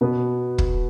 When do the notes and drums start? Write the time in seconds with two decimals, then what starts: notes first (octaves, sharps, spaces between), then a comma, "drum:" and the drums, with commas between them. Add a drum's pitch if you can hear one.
0.01 B2 B3 B4
0.58 drum: kick